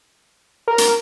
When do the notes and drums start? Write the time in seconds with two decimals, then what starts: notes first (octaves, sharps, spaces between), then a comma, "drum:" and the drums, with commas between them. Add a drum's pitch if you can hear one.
0.68 A#4
0.78 drum: hi-hat